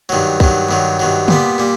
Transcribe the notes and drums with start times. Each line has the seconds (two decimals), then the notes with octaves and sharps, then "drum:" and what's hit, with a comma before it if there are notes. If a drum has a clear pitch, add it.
0.09 G2 D#3 F#3
0.40 G2 D#3 F#3, drum: kick
0.69 G2 D#3 F#3
0.99 G2 D#3 F#3
1.28 A#2 G3 B3, drum: tom
1.58 A#2 G3